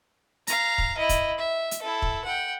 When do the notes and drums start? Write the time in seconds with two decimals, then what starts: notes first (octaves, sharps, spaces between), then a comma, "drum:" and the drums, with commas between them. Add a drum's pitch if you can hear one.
0.47 F5 A#5, drum: hi-hat
0.78 drum: kick
0.98 E4 D#5
1.09 drum: kick, hi-hat
1.39 E5
1.71 drum: hi-hat
1.82 E4 A4
2.02 drum: kick
2.25 F#5 G5